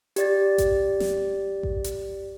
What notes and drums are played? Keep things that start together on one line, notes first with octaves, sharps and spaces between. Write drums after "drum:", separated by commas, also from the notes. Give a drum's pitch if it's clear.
G4 D5 A6, drum: hi-hat
drum: kick A1, hi-hat
drum: snare
drum: kick A1
drum: hi-hat